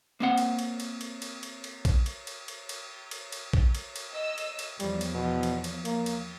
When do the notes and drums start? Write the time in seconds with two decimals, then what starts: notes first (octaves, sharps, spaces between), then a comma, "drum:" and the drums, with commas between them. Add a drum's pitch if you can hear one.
0.20 A#3 C4 F#5
0.38 drum: cymbal
0.59 drum: cymbal
0.80 drum: cymbal
1.01 drum: cymbal
1.22 drum: cymbal
1.43 drum: cymbal
1.64 drum: cymbal
1.85 drum: kick A#1, cymbal
2.06 drum: cymbal
2.27 drum: cymbal
2.48 drum: cymbal
2.69 drum: cymbal
3.11 drum: cymbal
3.32 drum: cymbal
3.53 drum: kick A#1
3.75 drum: cymbal
3.96 drum: cymbal
4.13 D#5 E6
4.38 drum: cymbal
4.59 drum: cymbal
4.80 E2 F3 G3, drum: cymbal
5.01 drum: cymbal
5.15 B2
5.43 drum: cymbal
5.64 drum: cymbal
5.85 A#3, drum: cymbal
6.06 drum: cymbal